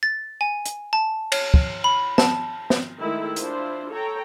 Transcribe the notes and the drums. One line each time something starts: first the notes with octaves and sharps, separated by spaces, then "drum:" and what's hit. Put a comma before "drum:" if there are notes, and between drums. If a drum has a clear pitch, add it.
A6
G#5
drum: hi-hat
A5
C#5, drum: cymbal
drum: kick
B5
A5, drum: snare
drum: snare
D#3 G#3 A3 E4 A4
D4 E4 F4 C5, drum: hi-hat
A4 C#5 G5 A#5